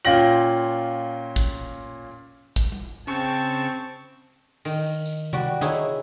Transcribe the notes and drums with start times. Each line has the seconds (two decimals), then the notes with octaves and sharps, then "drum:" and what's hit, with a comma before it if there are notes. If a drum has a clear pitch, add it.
0.05 A#2 C#4 F4 G5 A#6 F#7
1.36 drum: kick
2.56 drum: kick
2.72 drum: tom G3
3.07 C#3 C4 A5 C#6 C#7
4.65 D#3, drum: open hi-hat
5.06 drum: tambourine
5.33 G3 F#4, drum: tom C3
5.61 D#4 E4 G#4 C#5, drum: tom D3